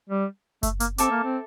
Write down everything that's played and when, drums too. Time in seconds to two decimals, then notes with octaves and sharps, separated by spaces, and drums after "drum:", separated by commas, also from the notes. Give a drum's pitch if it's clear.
0.09 G3
0.63 A3, drum: kick F#1, hi-hat
0.80 A#3, drum: hi-hat
0.98 C4 A4 E5 A5 D6, drum: hi-hat
1.11 A#3
1.24 C4